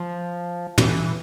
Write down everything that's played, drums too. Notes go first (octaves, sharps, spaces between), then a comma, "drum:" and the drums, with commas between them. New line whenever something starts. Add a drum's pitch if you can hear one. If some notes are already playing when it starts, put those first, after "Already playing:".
Already playing: F3
E3, drum: tom